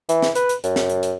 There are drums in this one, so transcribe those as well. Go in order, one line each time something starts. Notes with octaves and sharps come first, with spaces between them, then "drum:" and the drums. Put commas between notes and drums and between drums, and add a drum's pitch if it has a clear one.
E3, drum: hi-hat
drum: snare
B4, drum: hi-hat
drum: hi-hat
F#2, drum: hi-hat
drum: snare
drum: hi-hat
drum: hi-hat